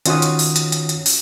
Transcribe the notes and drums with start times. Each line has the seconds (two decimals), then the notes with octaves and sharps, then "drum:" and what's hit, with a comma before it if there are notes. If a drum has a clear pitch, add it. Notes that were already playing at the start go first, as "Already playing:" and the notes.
0.06 D#3 C#4 F4 F#4 C#5 D#6, drum: hi-hat
0.22 drum: hi-hat
0.39 drum: open hi-hat
0.56 drum: hi-hat
0.72 drum: hi-hat
0.89 drum: hi-hat
1.06 drum: open hi-hat